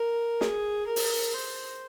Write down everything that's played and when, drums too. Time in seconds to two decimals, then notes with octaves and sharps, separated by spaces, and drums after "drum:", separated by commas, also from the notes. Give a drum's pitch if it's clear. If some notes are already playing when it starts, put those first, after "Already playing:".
Already playing: A#4
0.41 G#4, drum: snare
0.87 A#4
0.96 drum: open hi-hat
1.34 C5